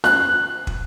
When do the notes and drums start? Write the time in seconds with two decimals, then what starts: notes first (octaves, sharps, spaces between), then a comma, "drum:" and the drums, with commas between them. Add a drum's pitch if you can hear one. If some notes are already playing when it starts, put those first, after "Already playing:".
0.04 F#6, drum: snare
0.67 drum: kick